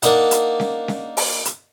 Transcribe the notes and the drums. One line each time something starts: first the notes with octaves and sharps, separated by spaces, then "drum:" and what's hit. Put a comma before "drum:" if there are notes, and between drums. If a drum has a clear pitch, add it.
A#3 D4 D#4 F#5, drum: hi-hat
drum: hi-hat
drum: snare C#4
drum: snare C#4
drum: open hi-hat
drum: hi-hat